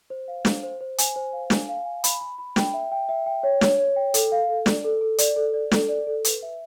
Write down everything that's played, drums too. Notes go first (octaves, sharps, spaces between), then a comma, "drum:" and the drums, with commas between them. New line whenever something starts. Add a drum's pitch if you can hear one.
C5
F5
C5, drum: snare
C5
C5
G#5, drum: hi-hat
C5
F5
G#5, drum: snare
F5
G#5
B5, drum: hi-hat
B5
B5
G5, drum: snare
E5
G5
E5
G5
C#5
C#5, drum: snare
C#5
G5
A4, drum: hi-hat
F5
A4
D5, drum: snare
A4
A4
D5, drum: hi-hat
A4
D5
A4, drum: snare
D5
A4
B4, drum: hi-hat
E5